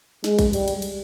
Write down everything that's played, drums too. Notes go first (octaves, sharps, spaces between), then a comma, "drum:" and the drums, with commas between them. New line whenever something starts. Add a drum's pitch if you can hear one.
G#3, drum: snare
drum: kick A#1, cymbal
G3, drum: cymbal
drum: cymbal
drum: cymbal